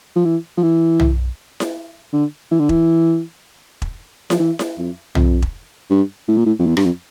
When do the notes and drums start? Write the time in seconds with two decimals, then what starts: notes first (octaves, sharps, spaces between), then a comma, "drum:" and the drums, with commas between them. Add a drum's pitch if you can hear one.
0.16 F3
0.25 E3
0.57 F3
0.63 E3
1.00 drum: tom
1.60 drum: snare E4
2.13 D3
2.51 E3
2.60 D3
2.69 E3, drum: kick E1
3.82 drum: kick E1
4.30 F3, drum: snare E4
4.39 E3
4.59 drum: snare E4
4.78 F2
5.15 F2, drum: tom
5.42 drum: kick E1
5.90 G2
6.28 A2
6.37 A#2
6.46 A2
6.59 F2
6.66 E2
6.77 G2, drum: rim click
6.85 F2